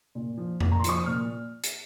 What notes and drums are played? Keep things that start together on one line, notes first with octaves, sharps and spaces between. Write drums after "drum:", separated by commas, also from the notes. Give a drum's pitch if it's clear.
A#2
F3
A#2, drum: tom F2
A#5
C6
F3 C#6, drum: hi-hat
D#6
A#2 F6
drum: hi-hat